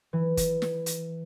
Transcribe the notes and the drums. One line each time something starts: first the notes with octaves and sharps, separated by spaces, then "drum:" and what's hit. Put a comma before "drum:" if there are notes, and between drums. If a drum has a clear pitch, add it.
E3
drum: kick G1, hi-hat
drum: snare
drum: hi-hat